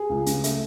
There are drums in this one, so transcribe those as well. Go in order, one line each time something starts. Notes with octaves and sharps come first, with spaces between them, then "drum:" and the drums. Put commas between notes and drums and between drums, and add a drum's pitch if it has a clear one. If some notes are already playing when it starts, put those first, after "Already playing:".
Already playing: G#4
C#2
C#3, drum: hi-hat
A3, drum: hi-hat